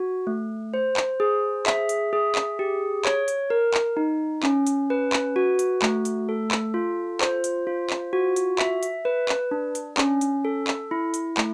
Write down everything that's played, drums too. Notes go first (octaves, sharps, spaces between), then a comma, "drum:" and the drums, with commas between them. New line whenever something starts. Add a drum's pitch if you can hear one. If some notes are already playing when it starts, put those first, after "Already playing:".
Already playing: F#4
A3
C5
drum: clap
G#4
E5, drum: clap
drum: hi-hat
G#4
drum: clap
G4
C#5, drum: clap
drum: hi-hat
A#4
drum: clap
D#4
C#4, drum: clap
drum: hi-hat
B4
drum: clap
F#4
drum: hi-hat
A3, drum: clap
drum: hi-hat
A4
drum: clap
F4
C5, drum: clap
drum: hi-hat
F4
drum: clap
F#4
drum: hi-hat
E5, drum: clap
drum: hi-hat
B4
drum: clap
D4
drum: hi-hat
C#4, drum: clap
drum: hi-hat
A4
drum: clap
E4
drum: hi-hat
A3, drum: clap